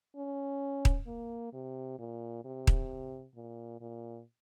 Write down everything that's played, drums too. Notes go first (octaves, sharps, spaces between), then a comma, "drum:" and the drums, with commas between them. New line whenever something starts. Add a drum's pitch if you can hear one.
C#4
drum: kick D#1
A#3
C3
A#2
C3
drum: kick D#1
A#2
A#2